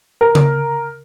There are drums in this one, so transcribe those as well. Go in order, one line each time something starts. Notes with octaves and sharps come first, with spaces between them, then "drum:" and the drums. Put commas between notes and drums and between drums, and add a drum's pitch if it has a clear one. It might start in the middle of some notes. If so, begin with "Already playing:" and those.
A#4
drum: tom C#3